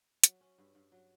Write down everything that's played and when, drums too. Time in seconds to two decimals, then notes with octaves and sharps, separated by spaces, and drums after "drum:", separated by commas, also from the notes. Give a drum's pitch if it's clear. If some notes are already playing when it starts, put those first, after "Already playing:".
0.24 F#3, drum: hi-hat
0.41 C#4
0.58 G2
0.75 G2
0.92 F#3